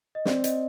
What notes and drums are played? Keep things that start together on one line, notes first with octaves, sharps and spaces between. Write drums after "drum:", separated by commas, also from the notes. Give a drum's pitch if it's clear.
D#5
C4 D5, drum: snare
D#5, drum: hi-hat